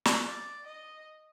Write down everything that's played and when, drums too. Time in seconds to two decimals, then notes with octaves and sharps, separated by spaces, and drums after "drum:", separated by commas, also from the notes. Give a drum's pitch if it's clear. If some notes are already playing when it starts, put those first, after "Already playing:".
0.05 drum: snare
0.24 D5
0.66 D#5